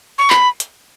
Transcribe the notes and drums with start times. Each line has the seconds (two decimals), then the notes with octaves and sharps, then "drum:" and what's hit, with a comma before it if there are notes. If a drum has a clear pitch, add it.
0.18 C#6
0.30 B5, drum: clap
0.60 drum: hi-hat